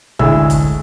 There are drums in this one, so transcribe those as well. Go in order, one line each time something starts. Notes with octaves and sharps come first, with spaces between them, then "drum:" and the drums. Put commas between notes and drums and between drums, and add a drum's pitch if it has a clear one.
D2 A2 G#3 E6, drum: kick F1
drum: kick F1, hi-hat